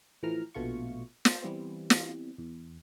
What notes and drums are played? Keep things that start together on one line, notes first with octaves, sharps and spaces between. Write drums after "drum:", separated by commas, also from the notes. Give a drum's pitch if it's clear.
A2 E3 F3 A#5 F6
A#1 B2 A3 F4 C#6
C5 A5, drum: snare
E3 G3 B3 C4
drum: snare
E2